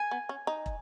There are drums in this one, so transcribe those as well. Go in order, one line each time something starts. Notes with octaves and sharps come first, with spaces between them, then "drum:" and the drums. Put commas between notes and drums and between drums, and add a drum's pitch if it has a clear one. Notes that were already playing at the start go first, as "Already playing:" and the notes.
Already playing: G#5
B3
C#4
D#4
drum: kick